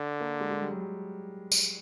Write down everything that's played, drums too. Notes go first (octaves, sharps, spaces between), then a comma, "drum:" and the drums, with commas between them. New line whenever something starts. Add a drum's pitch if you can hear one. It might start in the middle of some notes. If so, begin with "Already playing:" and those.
Already playing: D3
A#3
G#3
G#3
G3
F#3
G3
drum: tambourine